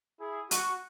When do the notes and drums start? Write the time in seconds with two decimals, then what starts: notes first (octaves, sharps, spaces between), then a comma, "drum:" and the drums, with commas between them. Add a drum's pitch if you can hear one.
0.20 E4 G#4
0.51 F#4, drum: hi-hat